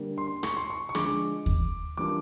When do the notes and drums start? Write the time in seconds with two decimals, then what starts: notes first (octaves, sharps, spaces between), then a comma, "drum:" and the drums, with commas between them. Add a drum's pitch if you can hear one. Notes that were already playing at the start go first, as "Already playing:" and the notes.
Already playing: D3 G3 A#3
0.18 C6
0.43 C#6, drum: rim click
0.57 C6
0.70 C#6
0.89 C#6
0.95 D3 F3 G#3 D6, drum: rim click
1.46 drum: kick D#2
1.97 E3 G3 A#3 D4 F4 D6